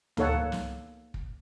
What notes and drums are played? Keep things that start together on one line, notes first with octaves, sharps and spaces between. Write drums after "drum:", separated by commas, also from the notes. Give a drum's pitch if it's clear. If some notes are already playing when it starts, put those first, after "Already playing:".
A#3 D#4 A4 C#5 F#5, drum: tom C#2
drum: snare
drum: kick